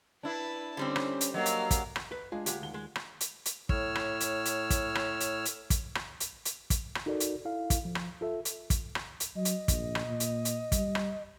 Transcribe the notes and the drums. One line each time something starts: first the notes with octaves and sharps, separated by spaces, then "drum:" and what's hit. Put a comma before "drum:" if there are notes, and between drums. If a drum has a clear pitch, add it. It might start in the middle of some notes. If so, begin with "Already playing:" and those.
D4 E4 B4 A5
D3 G3 C4 C#4 C5
drum: rim click
drum: hi-hat
F#3 A#3 D#5 F5
drum: hi-hat
drum: kick, hi-hat
drum: rim click
B4
G#3 D4 F4 G#4
D2 G#3 F#4 G4 F5, drum: hi-hat
D#2 F#5 G7
G#3
drum: rim click
drum: hi-hat
drum: hi-hat
A2 C#5 E6 F6, drum: kick
drum: rim click
drum: hi-hat
drum: hi-hat
drum: kick, hi-hat
drum: rim click
drum: hi-hat
drum: hi-hat
drum: kick, hi-hat
drum: rim click
drum: hi-hat
drum: hi-hat
drum: kick, hi-hat
drum: rim click
D#4 F#4 A4 A#4 D5
drum: hi-hat
E4 A4 F5
drum: kick, hi-hat
F3
drum: rim click
F4 A4 E5
drum: hi-hat
drum: kick, hi-hat
drum: rim click
drum: hi-hat
F#3 D#5
drum: hi-hat
A#1, drum: kick, hi-hat
drum: rim click
A#2
drum: hi-hat
drum: hi-hat
G3, drum: kick, hi-hat
drum: rim click